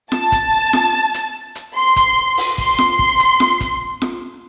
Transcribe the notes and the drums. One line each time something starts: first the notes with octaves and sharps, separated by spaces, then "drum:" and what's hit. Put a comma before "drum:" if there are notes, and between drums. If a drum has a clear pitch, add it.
A5, drum: snare F4
drum: kick, hi-hat
drum: snare F4
drum: hi-hat
drum: hi-hat
C6
drum: kick, hi-hat
drum: open hi-hat
C6, drum: kick
drum: snare F4
drum: kick
drum: hi-hat
drum: snare F4
drum: kick, hi-hat
drum: snare F4